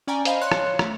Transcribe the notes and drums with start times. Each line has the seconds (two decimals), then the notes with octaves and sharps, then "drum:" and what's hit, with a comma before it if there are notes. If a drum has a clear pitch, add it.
0.07 C#4 D5 G5 G#5 A#5
0.25 C5 D#5 F5 G#5 B5, drum: hi-hat
0.41 C#5 F5 C6 F#6 C#7
0.52 drum: rim click
0.79 A3, drum: rim click